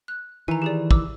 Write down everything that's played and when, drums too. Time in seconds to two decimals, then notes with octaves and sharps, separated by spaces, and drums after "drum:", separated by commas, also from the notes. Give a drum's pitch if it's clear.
0.08 F#6
0.48 D#3 E3 G#5 A#5
0.62 G4 G#4 D5
0.91 D6 E6, drum: kick